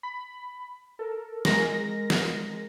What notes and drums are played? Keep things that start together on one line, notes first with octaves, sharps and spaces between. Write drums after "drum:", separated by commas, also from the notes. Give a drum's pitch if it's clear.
B5
A4 A#4
G#3 A#4 A#6, drum: snare
drum: snare